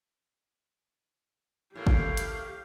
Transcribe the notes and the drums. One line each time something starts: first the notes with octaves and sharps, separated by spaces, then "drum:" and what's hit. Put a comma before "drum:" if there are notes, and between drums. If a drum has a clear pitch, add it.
A2 A#3 G4 F5
drum: kick
drum: hi-hat